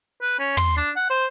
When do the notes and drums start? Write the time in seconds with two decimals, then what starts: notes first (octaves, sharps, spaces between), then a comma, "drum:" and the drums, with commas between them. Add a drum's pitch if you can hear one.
0.21 B4
0.39 C#4
0.57 C6, drum: tom
0.77 D4
0.96 F#5
1.10 C5